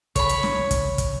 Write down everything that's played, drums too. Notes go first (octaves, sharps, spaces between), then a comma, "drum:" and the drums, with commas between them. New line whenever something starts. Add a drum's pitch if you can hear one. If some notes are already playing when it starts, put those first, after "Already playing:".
C#5 B5, drum: kick, hi-hat
drum: hi-hat
drum: snare
drum: kick, hi-hat
drum: kick, hi-hat